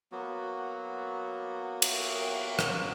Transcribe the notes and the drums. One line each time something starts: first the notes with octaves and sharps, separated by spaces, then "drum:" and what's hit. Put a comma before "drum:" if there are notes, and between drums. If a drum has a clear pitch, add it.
F#3 A#3 B3 F#4
drum: cymbal
drum: rim click